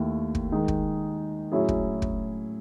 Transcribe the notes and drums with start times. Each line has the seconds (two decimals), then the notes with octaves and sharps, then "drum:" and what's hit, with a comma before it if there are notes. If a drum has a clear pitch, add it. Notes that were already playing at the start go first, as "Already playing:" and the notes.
Already playing: D#2 D#3 A3 E4
0.35 drum: kick
0.52 D#3 G#3 D#4 G#4
0.68 drum: kick
1.52 A2 F#3 C#4 E4 G#4
1.68 drum: kick
2.02 drum: kick